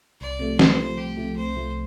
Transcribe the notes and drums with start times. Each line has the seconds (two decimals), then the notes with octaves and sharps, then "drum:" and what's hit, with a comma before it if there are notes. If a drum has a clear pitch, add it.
0.21 C2 D5
0.39 C3 F3 A3
0.59 C2 C5, drum: snare
0.79 C3 F3 A3
0.98 C2 G4
1.17 C3 F3 A3
1.37 C2 C5
1.56 C3 F3 A3